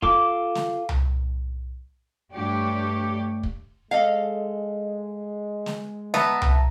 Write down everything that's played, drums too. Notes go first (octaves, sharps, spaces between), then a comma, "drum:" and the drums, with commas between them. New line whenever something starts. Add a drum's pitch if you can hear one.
F4 A4 D6, drum: kick
drum: snare
drum: tom C2
G2 A3 D4 G4 C#5 D5
drum: kick
G#3 A4 D#5 F5
drum: snare
B3 E5 A5 A#5, drum: snare
drum: tom C2